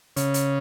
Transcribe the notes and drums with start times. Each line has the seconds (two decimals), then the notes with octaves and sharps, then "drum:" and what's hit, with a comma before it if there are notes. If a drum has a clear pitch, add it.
0.16 C#3, drum: hi-hat
0.34 drum: hi-hat